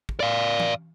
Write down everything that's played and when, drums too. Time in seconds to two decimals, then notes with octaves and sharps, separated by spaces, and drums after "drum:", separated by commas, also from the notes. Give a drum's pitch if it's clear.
0.09 drum: kick
0.20 D5 F5
0.60 drum: tom E3